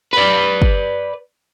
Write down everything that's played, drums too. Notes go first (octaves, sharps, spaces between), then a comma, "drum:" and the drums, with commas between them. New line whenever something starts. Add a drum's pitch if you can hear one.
B4 D5
drum: kick